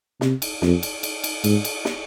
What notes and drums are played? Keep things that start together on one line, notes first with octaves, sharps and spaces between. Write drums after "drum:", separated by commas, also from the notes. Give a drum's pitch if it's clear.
C3, drum: snare
drum: cymbal
F2, drum: snare
drum: cymbal
drum: cymbal
drum: cymbal
G#2, drum: cymbal
drum: cymbal
drum: snare